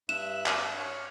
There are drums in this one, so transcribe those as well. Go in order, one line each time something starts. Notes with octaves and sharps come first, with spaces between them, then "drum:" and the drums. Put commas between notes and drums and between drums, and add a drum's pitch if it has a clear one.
G2 E5 F#6 E7
drum: clap
C#5 F6